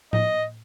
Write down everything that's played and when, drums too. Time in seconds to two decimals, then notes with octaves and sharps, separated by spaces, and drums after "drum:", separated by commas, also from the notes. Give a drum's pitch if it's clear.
0.13 D#5, drum: tom A2